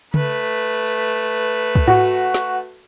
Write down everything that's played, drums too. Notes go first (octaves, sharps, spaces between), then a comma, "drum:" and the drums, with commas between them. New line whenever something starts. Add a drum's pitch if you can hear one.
A3 B4, drum: tom C#3
drum: tambourine
drum: kick
F#4, drum: tom G#2
drum: snare